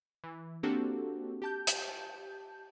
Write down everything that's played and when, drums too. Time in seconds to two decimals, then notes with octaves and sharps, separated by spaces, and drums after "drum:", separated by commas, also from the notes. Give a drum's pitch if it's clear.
0.24 E3
0.63 A#3 C4 D4 F#4 G4 A4
1.42 G4 A5 G6
1.67 drum: hi-hat